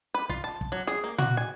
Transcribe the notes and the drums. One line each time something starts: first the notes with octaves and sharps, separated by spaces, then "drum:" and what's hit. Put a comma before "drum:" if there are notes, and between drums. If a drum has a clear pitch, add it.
B4
F4, drum: kick
A5
drum: kick
F#3
G#4, drum: snare
A#3
F#4, drum: tom A#2
G#5